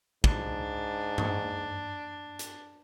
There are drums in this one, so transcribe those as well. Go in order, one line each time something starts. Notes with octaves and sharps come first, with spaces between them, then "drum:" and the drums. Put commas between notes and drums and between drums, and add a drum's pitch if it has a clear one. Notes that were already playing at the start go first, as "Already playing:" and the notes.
G#2 D4, drum: kick
drum: tom G2
drum: hi-hat